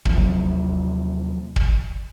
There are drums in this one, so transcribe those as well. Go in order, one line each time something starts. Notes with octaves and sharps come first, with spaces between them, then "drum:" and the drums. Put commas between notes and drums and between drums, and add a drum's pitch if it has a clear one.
D#2 C3 F3 F#3, drum: kick
drum: kick